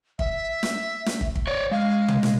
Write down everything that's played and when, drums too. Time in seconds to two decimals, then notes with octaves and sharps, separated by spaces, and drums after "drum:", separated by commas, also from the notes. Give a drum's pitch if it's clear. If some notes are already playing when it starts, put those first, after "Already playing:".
0.19 E5, drum: kick
0.63 drum: snare
1.06 drum: snare
1.21 drum: kick
1.36 drum: kick
1.47 C#5 D5
1.71 G#3 F5
2.08 drum: tom
2.23 drum: snare